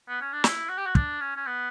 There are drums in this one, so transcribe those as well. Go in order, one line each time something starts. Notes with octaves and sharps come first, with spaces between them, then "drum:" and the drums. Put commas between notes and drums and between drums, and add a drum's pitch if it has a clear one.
B3
C#4
D4
E4, drum: snare
F#4
G4
F#4
D4, drum: kick
C#4
C#4
B3